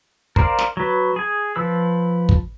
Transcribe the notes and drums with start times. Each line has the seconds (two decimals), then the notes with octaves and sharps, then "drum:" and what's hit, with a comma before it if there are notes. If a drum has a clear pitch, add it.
0.36 A#4 C5 D5 F5, drum: kick
0.59 drum: snare
0.77 F#3 B4
1.16 G#4 G#5
1.56 F3 B4 E6
2.29 drum: kick